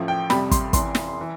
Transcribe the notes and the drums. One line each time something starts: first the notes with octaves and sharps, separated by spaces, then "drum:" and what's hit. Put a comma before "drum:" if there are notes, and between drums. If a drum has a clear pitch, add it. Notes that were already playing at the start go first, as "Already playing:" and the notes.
Already playing: A1 A2 F3
G5
F2 C3 G3 B5, drum: snare
C6, drum: kick, hi-hat
F1 F2 E3 C6, drum: kick, hi-hat
drum: snare
E3